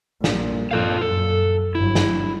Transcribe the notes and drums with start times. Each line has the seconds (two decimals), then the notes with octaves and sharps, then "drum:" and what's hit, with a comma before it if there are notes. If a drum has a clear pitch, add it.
0.24 A#1 A#2, drum: snare
0.71 G2 A#2 F3 F4 A4 F5
1.01 F#2 A4
1.75 G1 F#3 E4
1.95 drum: snare